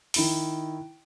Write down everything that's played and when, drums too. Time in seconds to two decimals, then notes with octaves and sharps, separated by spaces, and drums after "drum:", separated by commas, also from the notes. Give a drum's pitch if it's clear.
0.14 D#3 E4 D7, drum: open hi-hat